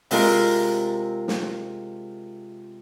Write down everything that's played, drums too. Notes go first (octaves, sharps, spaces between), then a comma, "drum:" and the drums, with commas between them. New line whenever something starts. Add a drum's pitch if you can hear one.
C3 G#3 F4 A#4, drum: open hi-hat
drum: snare